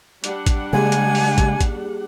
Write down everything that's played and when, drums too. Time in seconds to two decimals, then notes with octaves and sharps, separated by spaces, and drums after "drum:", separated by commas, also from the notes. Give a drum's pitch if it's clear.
0.24 G3 D4 F#5, drum: hi-hat
0.46 drum: kick, hi-hat
0.73 C#3 G#3 A#3 G4 G#4 G#5
0.92 drum: hi-hat
1.15 drum: open hi-hat
1.38 drum: kick, hi-hat
1.61 drum: kick, hi-hat